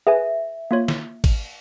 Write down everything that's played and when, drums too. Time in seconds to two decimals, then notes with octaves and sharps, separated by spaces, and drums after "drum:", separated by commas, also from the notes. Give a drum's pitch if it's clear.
0.07 G#4 B4 E5 G#5
0.71 A#3 F4 C#5
0.88 drum: snare
1.24 drum: kick, cymbal